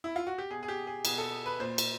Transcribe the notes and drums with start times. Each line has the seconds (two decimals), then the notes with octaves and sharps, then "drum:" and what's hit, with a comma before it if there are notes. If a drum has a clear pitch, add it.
0.04 E4
0.16 F4
0.27 F#4
0.38 G4
0.51 B2 G#4
0.63 G#4
0.68 G4
0.87 G#4
1.05 B2 G#4, drum: cymbal
1.18 A4
1.46 B4
1.60 A#2 C5
1.78 drum: cymbal